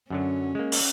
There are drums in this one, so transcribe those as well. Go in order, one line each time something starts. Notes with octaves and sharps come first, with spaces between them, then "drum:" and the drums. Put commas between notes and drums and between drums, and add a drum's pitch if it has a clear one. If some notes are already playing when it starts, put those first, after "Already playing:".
F#2 D3 F#3 C#4
G#3 A#3
drum: open hi-hat